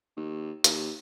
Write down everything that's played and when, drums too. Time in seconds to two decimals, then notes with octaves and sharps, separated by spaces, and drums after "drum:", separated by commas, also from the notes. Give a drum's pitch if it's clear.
0.17 D#2
0.64 D#2, drum: hi-hat